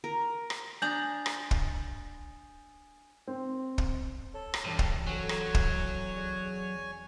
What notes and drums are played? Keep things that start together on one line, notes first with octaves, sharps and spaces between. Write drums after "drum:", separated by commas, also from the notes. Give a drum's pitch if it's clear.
A#4
drum: rim click
D4 G#5 A#5 D#6 G6 A6 F#7
drum: rim click
drum: kick
C4
drum: kick
A4 C#5
drum: rim click
E1 G2
drum: kick
F#3 C4 A4 C#5 G#5
drum: rim click
drum: kick
G#4 D5